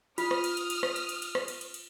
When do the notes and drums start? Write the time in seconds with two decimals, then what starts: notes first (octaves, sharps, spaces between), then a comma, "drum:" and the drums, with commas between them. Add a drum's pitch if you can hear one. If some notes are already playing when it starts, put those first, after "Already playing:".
0.18 F4 D#6 F6, drum: cymbal
0.31 drum: rim click
0.44 drum: cymbal
0.57 drum: cymbal
0.70 drum: cymbal
0.83 drum: rim click
0.96 drum: cymbal
1.09 drum: cymbal
1.22 drum: cymbal
1.35 drum: rim click
1.48 drum: cymbal
1.61 drum: cymbal
1.74 drum: cymbal